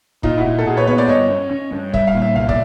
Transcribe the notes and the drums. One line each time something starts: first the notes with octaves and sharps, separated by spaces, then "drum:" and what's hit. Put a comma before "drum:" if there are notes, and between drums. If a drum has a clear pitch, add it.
A#2 D#4 F4, drum: kick
E4 F#4
A#2
A4
A#2 F#4 G#4
B4 C#5
B3 B4 C#5
C5 D5
G2 C#5 D#5
C#4
C#4
G2
G3 E5, drum: kick
F5
A#2
E5
C2 F5
D5 E5, drum: kick